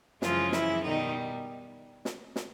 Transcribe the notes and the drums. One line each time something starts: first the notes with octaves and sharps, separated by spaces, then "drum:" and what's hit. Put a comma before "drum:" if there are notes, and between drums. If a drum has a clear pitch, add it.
F#2 C#3 E3 F3 G#3 F4, drum: snare
E3 E4, drum: snare
B2 D#3 G3 D#4
drum: snare
drum: snare